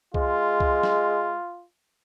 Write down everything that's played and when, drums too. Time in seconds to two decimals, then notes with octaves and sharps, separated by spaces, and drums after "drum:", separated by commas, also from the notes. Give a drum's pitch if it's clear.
0.14 G#3 F4, drum: kick C2
0.60 drum: kick C2
0.83 drum: snare